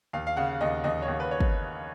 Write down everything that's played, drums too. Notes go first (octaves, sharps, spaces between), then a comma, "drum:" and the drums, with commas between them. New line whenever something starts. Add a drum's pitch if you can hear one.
D#2 F5
F5
C#3 F#5
D#2 D#5
D#2 D#5
C#5
D#2
B4
C#5
drum: kick